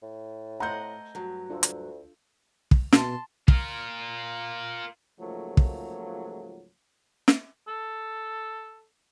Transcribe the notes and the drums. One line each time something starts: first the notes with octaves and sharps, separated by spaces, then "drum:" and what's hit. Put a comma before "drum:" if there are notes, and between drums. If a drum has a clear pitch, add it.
A2
A3 C5 D#5 F#5 A#5 G6
G2 F#3
D2 D4 F4 A4
drum: hi-hat
drum: kick
B2 A5 C6, drum: snare
F4 A#4, drum: kick
C#2 G#2 F3 F#3 A3 A#3
drum: kick
drum: snare
A4